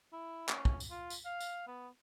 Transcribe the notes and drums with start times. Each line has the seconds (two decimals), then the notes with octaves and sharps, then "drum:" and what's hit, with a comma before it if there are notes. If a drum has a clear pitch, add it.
0.13 E4
0.49 C#4, drum: clap
0.65 drum: kick
0.80 drum: tambourine
0.91 F4
1.10 drum: tambourine
1.25 F5
1.40 drum: tambourine
1.68 B3